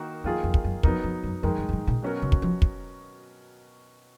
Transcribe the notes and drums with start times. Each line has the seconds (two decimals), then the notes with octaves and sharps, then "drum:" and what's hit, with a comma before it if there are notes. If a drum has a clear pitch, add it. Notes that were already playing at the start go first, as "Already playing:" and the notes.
Already playing: D#3 A#3 D#4 F#4
0.24 F2 D#3 A#3 F4 G#4
0.43 F2
0.54 drum: kick
0.64 F#2
0.83 F2 F#3 B3 D#4 A#4, drum: kick
1.04 F2
1.23 F#2
1.43 F2 D#3 G#3 D#4 A#4
1.58 F#2
1.69 F#2
1.73 G#2
1.87 A#2
2.02 B2 F#3 C#4 F#4 A#4
2.22 C#3
2.32 drum: kick
2.42 F3
2.62 drum: kick